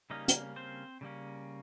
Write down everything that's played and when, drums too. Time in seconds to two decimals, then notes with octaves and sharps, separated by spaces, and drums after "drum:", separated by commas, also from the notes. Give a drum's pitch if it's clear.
0.10 C#3 G3 A#3 C#4 D#4 D#5
0.28 drum: hi-hat
0.56 C4 C5
1.01 C#3 G3 A#3 C#4